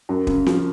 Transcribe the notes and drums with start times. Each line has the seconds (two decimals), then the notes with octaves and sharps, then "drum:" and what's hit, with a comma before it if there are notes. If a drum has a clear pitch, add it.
0.09 F#2
0.27 C#3, drum: kick
0.46 F3, drum: snare C4